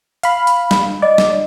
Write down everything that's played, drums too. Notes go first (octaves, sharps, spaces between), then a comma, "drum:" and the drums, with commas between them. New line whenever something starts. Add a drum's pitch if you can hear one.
F5 B5, drum: hi-hat
drum: hi-hat
drum: snare
D5 D#5
drum: snare